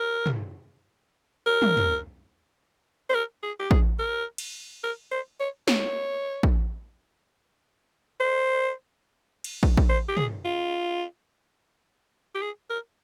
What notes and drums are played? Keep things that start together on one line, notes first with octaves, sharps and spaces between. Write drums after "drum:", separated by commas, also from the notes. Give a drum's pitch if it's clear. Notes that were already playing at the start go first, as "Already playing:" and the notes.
Already playing: A#4
drum: tom
A#4
drum: tom
drum: tom
C5
A#4
G#4
G4
G#4, drum: kick
A#4
drum: cymbal
A#4
C5
C#5
C#5, drum: snare
drum: kick
C5
drum: cymbal
drum: kick
drum: kick
C5
G4
G#4, drum: tom
F4
G4
G#4
A#4